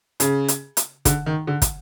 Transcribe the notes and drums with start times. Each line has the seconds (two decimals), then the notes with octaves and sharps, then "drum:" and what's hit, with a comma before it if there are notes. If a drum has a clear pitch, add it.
0.20 C#3, drum: hi-hat
0.48 drum: hi-hat
0.77 drum: hi-hat
1.05 D3, drum: kick, hi-hat
1.26 D#3
1.47 D3
1.62 drum: kick, hi-hat